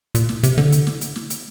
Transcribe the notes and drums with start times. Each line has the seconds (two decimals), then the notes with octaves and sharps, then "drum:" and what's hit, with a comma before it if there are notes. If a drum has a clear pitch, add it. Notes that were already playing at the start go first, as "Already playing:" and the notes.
0.15 A#2, drum: hi-hat
0.29 drum: snare
0.43 C3, drum: hi-hat
0.58 D3, drum: snare
0.72 drum: hi-hat
0.87 drum: snare
1.01 drum: hi-hat
1.16 drum: snare
1.30 drum: hi-hat